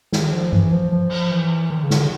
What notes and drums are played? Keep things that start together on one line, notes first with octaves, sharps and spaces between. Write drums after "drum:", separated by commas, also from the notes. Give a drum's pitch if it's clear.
D#3, drum: snare
F3
E3, drum: tom G2
F3
F3
drum: cymbal
E3
D#3
C#3
D3, drum: snare